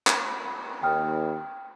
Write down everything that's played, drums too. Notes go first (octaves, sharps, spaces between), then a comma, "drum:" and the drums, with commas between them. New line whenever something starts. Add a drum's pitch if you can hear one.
drum: clap
D#2 G5 D#6 F6